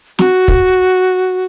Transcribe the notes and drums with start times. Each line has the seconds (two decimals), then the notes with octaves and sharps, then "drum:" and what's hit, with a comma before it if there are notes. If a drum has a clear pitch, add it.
0.19 F#4, drum: snare
0.48 drum: kick